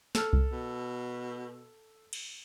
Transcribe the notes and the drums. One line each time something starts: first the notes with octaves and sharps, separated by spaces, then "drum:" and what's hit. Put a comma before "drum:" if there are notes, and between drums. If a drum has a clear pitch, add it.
A4 F6, drum: snare
drum: kick C2
B2
drum: cymbal